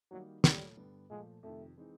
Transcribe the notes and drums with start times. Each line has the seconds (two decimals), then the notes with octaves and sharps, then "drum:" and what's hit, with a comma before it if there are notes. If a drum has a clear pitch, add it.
0.11 D#3 F#3 G3 A#3 D#4 F#4
0.44 A#2 F#3 G3 A3, drum: snare
0.77 G2 D3 G3 B3
1.10 A#2 F3 G#3 A3
1.43 F2 C3 D#3 A3
1.77 E3 G#3 C4 D#4